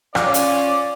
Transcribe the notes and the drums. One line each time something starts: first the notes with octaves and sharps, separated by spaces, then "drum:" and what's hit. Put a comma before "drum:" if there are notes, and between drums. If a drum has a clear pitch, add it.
C#4 F4 D5, drum: rim click
drum: hi-hat